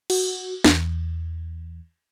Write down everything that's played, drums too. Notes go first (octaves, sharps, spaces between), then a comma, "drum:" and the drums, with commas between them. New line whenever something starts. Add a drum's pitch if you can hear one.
F#4, drum: cymbal
E2, drum: snare